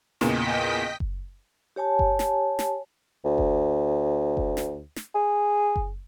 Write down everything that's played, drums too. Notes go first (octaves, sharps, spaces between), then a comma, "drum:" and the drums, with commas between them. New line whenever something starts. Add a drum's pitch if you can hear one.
E2 A#2 C#3 D#5 G5 B6, drum: snare
drum: kick F#1
G4 C#5 G#5 A5
drum: kick F#1
drum: snare
drum: snare
D2
drum: kick F#1
drum: kick F#1
drum: snare
drum: snare
G#4
drum: kick F#1